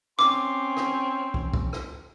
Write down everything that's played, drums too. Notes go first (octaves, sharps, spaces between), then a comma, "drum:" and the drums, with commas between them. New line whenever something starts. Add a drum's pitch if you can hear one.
C4 C#4 C6 D6, drum: rim click
drum: rim click
drum: kick
drum: kick
drum: rim click